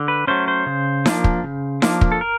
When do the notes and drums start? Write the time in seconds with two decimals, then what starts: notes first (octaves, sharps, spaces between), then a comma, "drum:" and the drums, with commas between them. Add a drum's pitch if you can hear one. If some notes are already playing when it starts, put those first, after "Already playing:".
Already playing: D3
0.08 B4
0.27 F#3 A3 C#4 C5
0.48 C5
0.66 C#3
1.06 F3 A#3 D4, drum: snare D#4
1.24 drum: kick
1.44 C#3
1.82 F3 A#3 D4, drum: snare D#4
2.01 drum: kick
2.12 A4
2.21 A#4